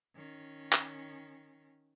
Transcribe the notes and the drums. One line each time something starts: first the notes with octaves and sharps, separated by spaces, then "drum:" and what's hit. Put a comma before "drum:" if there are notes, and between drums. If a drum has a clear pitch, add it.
D#3 C#4
drum: clap